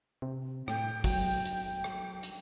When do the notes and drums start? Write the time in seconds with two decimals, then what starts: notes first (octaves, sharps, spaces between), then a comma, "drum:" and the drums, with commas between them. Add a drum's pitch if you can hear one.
0.22 C3
0.68 A2 G5, drum: rim click
1.04 F#3, drum: kick, open hi-hat
1.46 drum: hi-hat
1.84 drum: rim click
2.23 drum: hi-hat